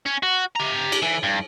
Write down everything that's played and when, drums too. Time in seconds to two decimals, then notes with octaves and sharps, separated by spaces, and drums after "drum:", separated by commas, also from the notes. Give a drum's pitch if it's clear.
0.06 C#4
0.23 F#4
0.55 G4 A#5
0.92 drum: cymbal
1.02 E3
1.23 G2